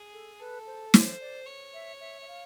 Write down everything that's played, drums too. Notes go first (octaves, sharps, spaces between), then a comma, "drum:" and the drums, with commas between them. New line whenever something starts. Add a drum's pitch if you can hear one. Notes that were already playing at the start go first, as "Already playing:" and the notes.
Already playing: G#4
A4
A4 B4
C5
C5 C#5, drum: snare
D5
C#5
E5
E5
E5
F5